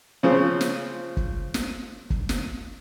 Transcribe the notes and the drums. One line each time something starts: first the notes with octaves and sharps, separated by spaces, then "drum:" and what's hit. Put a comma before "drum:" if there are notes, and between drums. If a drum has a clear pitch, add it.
C#3 F3 C4
drum: snare
drum: kick
drum: snare
drum: kick
drum: snare